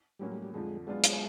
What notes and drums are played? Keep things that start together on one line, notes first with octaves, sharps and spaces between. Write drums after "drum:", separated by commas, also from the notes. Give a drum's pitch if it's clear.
A2 F#3 G3 A#3 C#4
G3
G3
F2 D3 F3 G#3
F#3 G#3 B3 D4 F4
drum: hi-hat